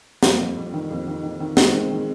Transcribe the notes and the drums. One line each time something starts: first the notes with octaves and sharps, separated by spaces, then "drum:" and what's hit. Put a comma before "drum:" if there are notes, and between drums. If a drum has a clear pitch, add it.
F2 G3 A#3, drum: snare
F2
F2
D#3
F2
D#3
D#3
D#3
D#3 G#3 C4, drum: snare
D#3
D#3